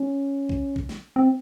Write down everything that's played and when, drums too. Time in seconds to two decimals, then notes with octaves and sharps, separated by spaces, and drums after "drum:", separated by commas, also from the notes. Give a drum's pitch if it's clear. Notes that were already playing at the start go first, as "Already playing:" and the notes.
Already playing: C#4
0.49 drum: kick A#1
0.76 drum: kick A#1
0.89 drum: snare
1.16 C4